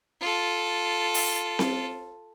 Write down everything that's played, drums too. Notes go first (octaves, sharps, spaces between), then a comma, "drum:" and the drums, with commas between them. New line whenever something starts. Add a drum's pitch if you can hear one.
F4 A4
drum: open hi-hat
drum: snare C4